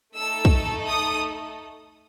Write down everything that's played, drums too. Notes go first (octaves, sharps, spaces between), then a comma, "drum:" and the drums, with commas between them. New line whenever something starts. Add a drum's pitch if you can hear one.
A3 D#4 A4 E6
drum: kick
D#6